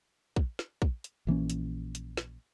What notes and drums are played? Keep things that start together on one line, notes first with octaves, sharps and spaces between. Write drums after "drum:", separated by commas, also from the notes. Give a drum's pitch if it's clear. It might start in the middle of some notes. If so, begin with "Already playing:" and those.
drum: kick
drum: snare
drum: kick
drum: hi-hat
A#1 E3 A#3 C#4
drum: hi-hat
drum: hi-hat
drum: snare